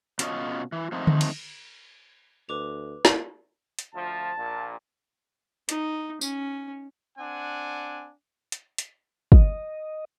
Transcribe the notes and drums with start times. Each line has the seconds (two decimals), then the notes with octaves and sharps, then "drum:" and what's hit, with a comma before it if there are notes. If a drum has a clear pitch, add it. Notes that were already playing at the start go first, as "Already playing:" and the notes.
0.19 B2 C#4 D4 F4 C#5 D#5, drum: hi-hat
0.72 E3
0.92 F3 A3 A#3 C4 D#4
1.07 drum: tom D3
1.21 drum: cymbal
2.49 D2 B4 D6 F7
3.05 drum: snare
3.79 drum: hi-hat
3.94 D2 F3 A5
4.37 A#1 A#2
5.69 D#4, drum: hi-hat
6.21 C#4, drum: tambourine
7.18 C4 D4 F#5 G#5
8.52 drum: hi-hat
8.78 drum: hi-hat
9.32 D#5, drum: kick